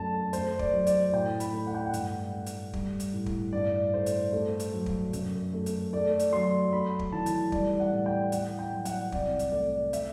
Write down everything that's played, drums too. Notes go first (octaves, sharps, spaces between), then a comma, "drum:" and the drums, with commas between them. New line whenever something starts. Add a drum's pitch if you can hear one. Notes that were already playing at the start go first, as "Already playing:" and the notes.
Already playing: F#2 A3 A5
A3 C5, drum: hi-hat
D5, drum: kick
F#3
D5, drum: hi-hat
A2 G5
B5, drum: hi-hat
A3
F#5
G5
F#5
G2, drum: hi-hat
A3
drum: hi-hat
G3, drum: kick
drum: hi-hat
A2
drum: kick
G2 D5
A3 C5
drum: hi-hat
A3
drum: hi-hat
F#3
drum: kick
F#2, drum: hi-hat
A3
drum: hi-hat
A3 D5
drum: hi-hat
F#3 C6
A3 B5
drum: kick
E3 A5
drum: hi-hat
G3 D5, drum: kick
F#5
A2
G5
A3 F#5, drum: hi-hat
G5
F#3
F#5, drum: hi-hat
C2 D5, drum: kick
drum: hi-hat
A3 D5
E5, drum: hi-hat